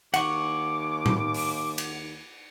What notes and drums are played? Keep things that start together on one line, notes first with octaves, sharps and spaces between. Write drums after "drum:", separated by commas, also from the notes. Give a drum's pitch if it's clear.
D#2 F#5 C#6 D6, drum: cymbal
drum: tom A2
drum: open hi-hat
drum: cymbal